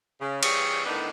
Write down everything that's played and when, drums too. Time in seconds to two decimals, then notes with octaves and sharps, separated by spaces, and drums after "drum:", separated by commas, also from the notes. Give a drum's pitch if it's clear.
0.21 C#3
0.43 E3 G3 C4 G#4 C#5, drum: cymbal
0.86 A2 D3 D#3 B3 D4 D#4